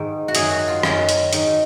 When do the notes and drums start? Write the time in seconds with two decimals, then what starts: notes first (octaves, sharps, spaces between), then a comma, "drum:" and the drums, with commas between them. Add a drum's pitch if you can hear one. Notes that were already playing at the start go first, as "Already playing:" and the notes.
Already playing: G#2 D#3
0.28 F#4
0.35 F#2 D#3 G#4, drum: hi-hat
0.51 F#4
0.68 F4
0.83 F#2 D#3 C#4, drum: rim click
1.09 drum: hi-hat
1.33 G#2 D#3, drum: hi-hat